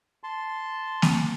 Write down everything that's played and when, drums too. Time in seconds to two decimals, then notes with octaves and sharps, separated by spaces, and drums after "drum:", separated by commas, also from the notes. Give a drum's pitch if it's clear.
0.23 A5 C6
1.02 drum: snare A#3